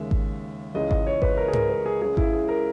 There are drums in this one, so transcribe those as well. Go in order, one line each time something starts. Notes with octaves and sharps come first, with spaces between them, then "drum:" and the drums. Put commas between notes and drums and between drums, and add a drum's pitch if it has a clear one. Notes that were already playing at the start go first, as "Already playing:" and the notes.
Already playing: D#2 C#3 G#3 E5
drum: kick G#1
C#2 C#3 E3 G#3 D#5
D#5, drum: kick G#1
C#5
B4, drum: kick G#1
A#4
G#4
A#4, drum: tom G#2
B4
G#4
C#2 C#3 G#3 G#4
E4, drum: kick G#1
G#4
A#4